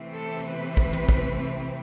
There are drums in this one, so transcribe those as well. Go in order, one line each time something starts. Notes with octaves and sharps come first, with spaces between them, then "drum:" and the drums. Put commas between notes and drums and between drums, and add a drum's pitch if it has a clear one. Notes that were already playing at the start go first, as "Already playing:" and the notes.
Already playing: C3 E3 A3 C4
A4
B4
drum: kick
drum: tom
drum: kick